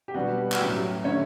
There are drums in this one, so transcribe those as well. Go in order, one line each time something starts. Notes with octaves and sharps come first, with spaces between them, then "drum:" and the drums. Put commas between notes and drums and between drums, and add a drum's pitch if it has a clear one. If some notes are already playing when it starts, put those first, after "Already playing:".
G4
B2 G3 B3 D4 F#4
F#4, drum: clap
A2 F#3 C#4 G4
D3 A3 C#4 C#5